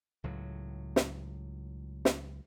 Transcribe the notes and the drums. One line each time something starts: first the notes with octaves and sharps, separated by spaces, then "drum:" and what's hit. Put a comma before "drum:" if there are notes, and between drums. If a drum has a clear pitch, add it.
C#2 A2 F#3
drum: snare
drum: snare